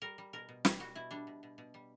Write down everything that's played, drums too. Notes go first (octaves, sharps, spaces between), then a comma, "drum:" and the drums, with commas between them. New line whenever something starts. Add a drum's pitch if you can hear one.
G3 A#4
G3
B2 A#4
B2
G3 G4, drum: snare
G3 F#4
B2 E4
G3 D4
B2
B2
B2
G3